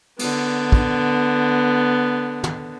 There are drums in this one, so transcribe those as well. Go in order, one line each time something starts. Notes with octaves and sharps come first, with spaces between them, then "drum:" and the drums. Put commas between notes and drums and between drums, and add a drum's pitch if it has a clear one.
D3 B3, drum: cymbal
drum: kick
drum: tom